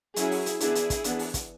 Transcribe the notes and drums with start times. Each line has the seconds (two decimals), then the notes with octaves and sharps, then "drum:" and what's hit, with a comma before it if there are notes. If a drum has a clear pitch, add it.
0.16 F#3 C#4 E4 G#4, drum: hi-hat
0.31 drum: open hi-hat
0.46 drum: hi-hat
0.60 E3 B3 D4 E4 G#4, drum: hi-hat
0.75 drum: hi-hat
0.90 drum: kick, hi-hat
1.04 E3 B3 D4, drum: hi-hat
1.19 drum: open hi-hat
1.34 drum: kick, hi-hat